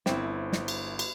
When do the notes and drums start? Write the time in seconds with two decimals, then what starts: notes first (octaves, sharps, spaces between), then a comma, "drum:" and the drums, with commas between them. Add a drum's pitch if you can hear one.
0.06 G1 C4 E4, drum: snare
0.53 drum: snare
0.68 drum: cymbal
0.99 drum: cymbal